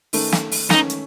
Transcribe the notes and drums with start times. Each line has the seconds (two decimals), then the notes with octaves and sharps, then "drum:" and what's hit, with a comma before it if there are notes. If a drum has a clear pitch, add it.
0.13 D#3 A3 C#4, drum: open hi-hat
0.32 drum: snare
0.52 drum: open hi-hat
0.70 D#3 A3 C#4 D#4, drum: snare
0.90 drum: hi-hat